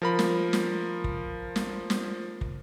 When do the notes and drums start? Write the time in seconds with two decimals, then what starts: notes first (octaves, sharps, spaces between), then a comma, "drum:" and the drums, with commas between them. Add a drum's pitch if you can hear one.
0.02 F3 A#4 B5
0.19 drum: snare
0.53 drum: snare
1.04 drum: kick
1.56 drum: snare
1.90 drum: snare
2.41 drum: kick